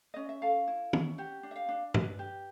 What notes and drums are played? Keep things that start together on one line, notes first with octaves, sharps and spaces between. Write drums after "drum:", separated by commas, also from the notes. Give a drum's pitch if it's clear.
C#4 D#5
E5
A4 F5
E4
C#4, drum: tom
G4 F#5
D4
E5
F5
D4
B4, drum: tom G2
G4